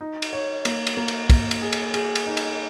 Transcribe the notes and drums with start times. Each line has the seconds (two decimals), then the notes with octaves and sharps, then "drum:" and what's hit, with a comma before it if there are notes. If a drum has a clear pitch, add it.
0.01 D#4
0.22 drum: cymbal
0.33 C#5
0.65 A#3, drum: cymbal
0.87 drum: cymbal
0.97 A#3
1.08 drum: cymbal
1.30 A#3, drum: kick, cymbal
1.51 drum: cymbal
1.62 G#4
1.72 drum: cymbal
1.94 G#4, drum: cymbal
2.15 drum: cymbal
2.26 D#4
2.37 drum: cymbal